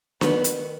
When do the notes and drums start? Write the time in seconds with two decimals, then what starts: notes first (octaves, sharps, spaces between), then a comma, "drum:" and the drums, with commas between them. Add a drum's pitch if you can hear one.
0.21 D#3 B3, drum: snare D4
0.44 drum: hi-hat